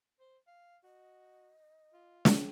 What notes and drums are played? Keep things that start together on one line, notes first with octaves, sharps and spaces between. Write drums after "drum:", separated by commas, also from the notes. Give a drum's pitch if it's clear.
C5
F5
F#4 D#5
F4
drum: snare